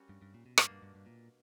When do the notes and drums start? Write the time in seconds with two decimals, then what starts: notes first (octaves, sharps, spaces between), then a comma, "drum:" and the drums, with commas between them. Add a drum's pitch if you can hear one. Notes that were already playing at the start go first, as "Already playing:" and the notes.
Already playing: G3 C#4 F#4 A#4
0.09 G2
0.22 G2
0.34 A#2
0.46 B2
0.58 G2 B2 A#3 D4, drum: rim click
0.70 G2
0.82 G2
0.95 G2
1.06 A#2